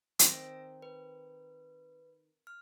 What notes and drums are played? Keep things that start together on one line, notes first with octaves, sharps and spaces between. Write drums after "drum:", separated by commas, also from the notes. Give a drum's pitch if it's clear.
D#3 C4 D#4 E6 A#6 D7, drum: hi-hat
B4
F6